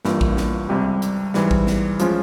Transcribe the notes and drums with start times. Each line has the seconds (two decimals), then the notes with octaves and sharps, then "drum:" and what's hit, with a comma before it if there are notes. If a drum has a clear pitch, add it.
0.05 G1 G2 E3 A#3 F4, drum: snare
0.21 drum: kick A#1
0.37 drum: snare
0.69 C#2 C3 G3 C4 G4
1.02 drum: hi-hat
1.34 G#2 E3 G3, drum: snare
1.51 drum: kick A#1
1.67 drum: snare
2.00 F3 G#3 C#4 F4, drum: hi-hat